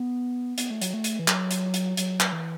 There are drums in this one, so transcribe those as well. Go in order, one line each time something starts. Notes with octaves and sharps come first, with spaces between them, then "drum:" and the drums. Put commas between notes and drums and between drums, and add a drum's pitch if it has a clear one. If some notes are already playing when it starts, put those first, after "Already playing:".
Already playing: B3
B3, drum: hi-hat
A3
F#3, drum: hi-hat
A3
drum: hi-hat
E3
F#3, drum: clap
drum: hi-hat
drum: hi-hat
F#3, drum: hi-hat
drum: clap
E3